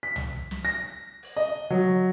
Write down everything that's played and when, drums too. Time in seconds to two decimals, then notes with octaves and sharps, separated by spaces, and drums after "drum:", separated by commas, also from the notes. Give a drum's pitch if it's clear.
0.03 B6
0.16 drum: tom
0.51 drum: snare
0.65 A#6
1.23 drum: open hi-hat
1.37 D#5
1.70 F#3